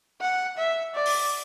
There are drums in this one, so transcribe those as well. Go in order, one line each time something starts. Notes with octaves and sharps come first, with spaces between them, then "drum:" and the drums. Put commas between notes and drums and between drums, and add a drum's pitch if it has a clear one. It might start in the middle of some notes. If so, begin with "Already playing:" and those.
F#5
E5
D5
drum: open hi-hat